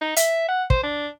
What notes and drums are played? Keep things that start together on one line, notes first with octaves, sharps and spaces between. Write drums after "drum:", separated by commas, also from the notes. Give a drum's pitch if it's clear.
D#4
E5, drum: hi-hat
F#5
C5, drum: kick
D4